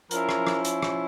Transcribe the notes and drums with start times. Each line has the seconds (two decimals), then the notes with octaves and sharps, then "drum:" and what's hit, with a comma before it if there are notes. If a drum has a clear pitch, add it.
0.11 F3 C#4 E4 A#4, drum: hi-hat
0.29 drum: rim click
0.47 drum: rim click
0.65 drum: hi-hat
0.82 drum: rim click